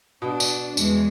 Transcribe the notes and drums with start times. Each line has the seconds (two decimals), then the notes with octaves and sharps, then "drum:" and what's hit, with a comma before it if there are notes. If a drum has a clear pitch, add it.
0.22 B2 D4
0.40 drum: tambourine
0.77 E2 E3 G#3, drum: tambourine